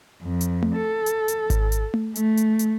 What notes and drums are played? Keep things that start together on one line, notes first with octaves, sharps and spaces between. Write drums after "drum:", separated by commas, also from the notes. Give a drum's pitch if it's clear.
F2
drum: hi-hat
drum: tom A3
A4
drum: hi-hat
drum: hi-hat
drum: kick G#1, hi-hat
drum: hi-hat
drum: tom A3
A3, drum: hi-hat
drum: hi-hat
drum: hi-hat